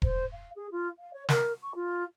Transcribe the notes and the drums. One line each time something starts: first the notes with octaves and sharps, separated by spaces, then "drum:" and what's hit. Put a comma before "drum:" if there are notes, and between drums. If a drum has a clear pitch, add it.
C5, drum: kick E1
F5
G#4
F4
F5
C#5
A#4, drum: snare
C#6
F4